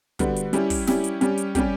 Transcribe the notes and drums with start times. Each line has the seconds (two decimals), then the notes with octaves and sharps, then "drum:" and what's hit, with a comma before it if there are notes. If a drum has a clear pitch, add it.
0.19 D3 G3 B3 F#4, drum: kick, hi-hat
0.36 drum: hi-hat
0.53 G3 C#4 E4 G4, drum: hi-hat
0.70 drum: kick, open hi-hat
0.87 G3 C#4 E4 G4, drum: snare
1.04 drum: hi-hat
1.21 G3 C#4 G4, drum: hi-hat
1.38 drum: hi-hat
1.55 G3 C#4 G4, drum: kick, hi-hat